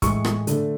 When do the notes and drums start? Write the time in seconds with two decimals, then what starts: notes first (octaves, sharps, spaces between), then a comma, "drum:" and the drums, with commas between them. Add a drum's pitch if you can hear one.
0.02 A2 E3 G#3 C#6, drum: kick, hi-hat
0.25 drum: rim click
0.47 D3 A3, drum: hi-hat